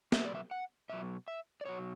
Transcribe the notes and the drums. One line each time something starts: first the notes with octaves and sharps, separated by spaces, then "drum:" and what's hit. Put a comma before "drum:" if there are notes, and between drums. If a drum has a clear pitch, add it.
B2 F#3 E5, drum: snare
D5
E5
F#5
B2 F#3 E5
E5
D5
B2 F#3 C#5